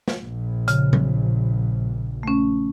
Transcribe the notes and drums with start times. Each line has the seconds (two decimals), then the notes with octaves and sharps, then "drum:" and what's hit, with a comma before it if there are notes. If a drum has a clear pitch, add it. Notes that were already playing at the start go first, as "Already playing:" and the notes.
0.08 drum: snare
0.18 A#1
0.68 C#3, drum: hi-hat
0.93 drum: tom A#2
2.23 A3 C#4